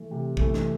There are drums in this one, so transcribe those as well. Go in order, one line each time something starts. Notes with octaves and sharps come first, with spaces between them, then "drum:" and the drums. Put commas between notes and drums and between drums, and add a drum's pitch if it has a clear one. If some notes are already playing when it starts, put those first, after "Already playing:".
Already playing: E3 A3
C3
E3 A3, drum: kick
drum: snare